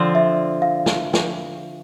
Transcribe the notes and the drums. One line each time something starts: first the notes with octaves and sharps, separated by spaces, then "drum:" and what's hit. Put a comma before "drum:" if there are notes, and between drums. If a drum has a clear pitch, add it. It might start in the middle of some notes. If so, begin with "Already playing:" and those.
Already playing: D3 F3 C4 F4 C5 D5
E5
F5
drum: snare
drum: snare